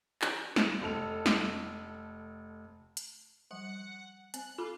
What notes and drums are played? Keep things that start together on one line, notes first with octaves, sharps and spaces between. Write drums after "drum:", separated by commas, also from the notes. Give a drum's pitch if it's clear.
drum: clap
drum: snare
F1 A4 F7
drum: snare
drum: hi-hat
F3 G3 F#5
C4 F#6, drum: hi-hat
F4 A4 B5 D6